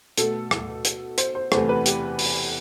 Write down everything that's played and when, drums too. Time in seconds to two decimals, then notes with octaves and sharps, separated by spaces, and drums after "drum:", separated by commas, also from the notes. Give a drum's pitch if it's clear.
0.18 B2 A3 A4, drum: hi-hat
0.51 drum: rim click
0.85 drum: hi-hat
1.18 C5, drum: hi-hat
1.35 C5
1.52 E2 C3 E3 A3 C5, drum: rim click
1.69 B4
1.86 G4, drum: hi-hat
2.19 drum: open hi-hat